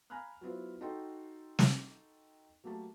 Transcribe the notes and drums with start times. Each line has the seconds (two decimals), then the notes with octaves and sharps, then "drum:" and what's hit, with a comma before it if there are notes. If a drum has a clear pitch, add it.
0.10 F5 G#5 A#5 B5 F6 F#6
0.41 F#3 B3 E4 F4 C5
0.81 D#4 F#4 A4 G5 C6
1.59 drum: snare
2.64 F#3 A3 A#3 G4 A5